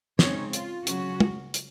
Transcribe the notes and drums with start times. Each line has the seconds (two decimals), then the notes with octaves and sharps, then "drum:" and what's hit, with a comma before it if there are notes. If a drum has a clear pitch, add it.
0.19 C#3 G#3 C4 C#4 D#4 C#5, drum: snare
0.53 F4, drum: hi-hat
0.87 C#3 F#3 C#4 F#4, drum: hi-hat
1.20 drum: tom
1.54 drum: hi-hat